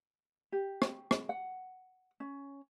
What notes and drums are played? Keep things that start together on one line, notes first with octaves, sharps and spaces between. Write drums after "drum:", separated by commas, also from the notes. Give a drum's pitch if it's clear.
G4
drum: rim click
drum: rim click
F#5
C#4